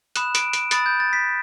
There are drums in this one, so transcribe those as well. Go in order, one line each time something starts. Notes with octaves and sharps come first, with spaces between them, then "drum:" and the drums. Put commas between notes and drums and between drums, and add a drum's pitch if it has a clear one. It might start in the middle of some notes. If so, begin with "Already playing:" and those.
B5 D#6 F#6 E7, drum: hi-hat
D7, drum: hi-hat
D7, drum: hi-hat
B5 D#6 F#6 A6, drum: hi-hat
G6
A6
B6